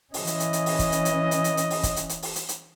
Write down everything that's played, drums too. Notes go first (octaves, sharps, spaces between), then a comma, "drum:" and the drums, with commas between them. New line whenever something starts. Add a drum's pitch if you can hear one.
E3 C#4 D#5, drum: open hi-hat
drum: hi-hat
drum: hi-hat
drum: hi-hat
drum: open hi-hat
drum: kick, hi-hat
drum: hi-hat
drum: hi-hat
drum: hi-hat
drum: hi-hat
drum: hi-hat
drum: open hi-hat
drum: kick, hi-hat
drum: hi-hat
drum: hi-hat
drum: open hi-hat
drum: hi-hat
drum: hi-hat